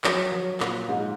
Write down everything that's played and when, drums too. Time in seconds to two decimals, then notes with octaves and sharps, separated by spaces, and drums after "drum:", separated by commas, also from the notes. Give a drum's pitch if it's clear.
0.04 F#3, drum: clap
0.32 F#3
0.60 A#2, drum: clap
0.89 G#2